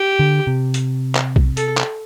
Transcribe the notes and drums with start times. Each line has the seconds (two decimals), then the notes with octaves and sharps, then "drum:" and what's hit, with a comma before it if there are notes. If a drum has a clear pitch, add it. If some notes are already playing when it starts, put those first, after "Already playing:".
Already playing: G4
0.19 D3
0.47 C3
0.74 drum: hi-hat
1.15 drum: clap
1.36 drum: kick B1
1.57 A4, drum: hi-hat
1.77 drum: clap